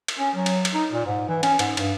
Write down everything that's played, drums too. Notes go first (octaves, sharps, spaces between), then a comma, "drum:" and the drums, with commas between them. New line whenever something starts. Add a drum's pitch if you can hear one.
drum: cymbal
C#4
F#3
drum: cymbal
drum: cymbal
D#4
A#2
G#2
E3
C#4, drum: cymbal
G#2, drum: cymbal
G2, drum: cymbal